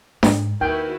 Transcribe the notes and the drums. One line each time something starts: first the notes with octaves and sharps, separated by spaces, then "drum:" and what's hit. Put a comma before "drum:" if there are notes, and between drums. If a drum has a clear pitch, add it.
G#2, drum: snare D4
D#2 D#3 E4 F#4 B4 G5